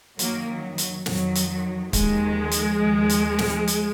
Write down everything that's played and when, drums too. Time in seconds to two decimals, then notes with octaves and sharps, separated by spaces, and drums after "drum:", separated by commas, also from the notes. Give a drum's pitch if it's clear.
0.19 F#2 D#3 F#3 A#3, drum: hi-hat
0.49 F#3
0.78 F#3, drum: hi-hat
1.06 F2 D#3 F#3, drum: snare
1.35 drum: hi-hat
1.49 F#3
1.93 D#2 D#3 F3 G#3, drum: kick, hi-hat
2.51 drum: hi-hat
2.81 D#2 D#3
3.09 drum: hi-hat
3.38 drum: snare
3.68 drum: hi-hat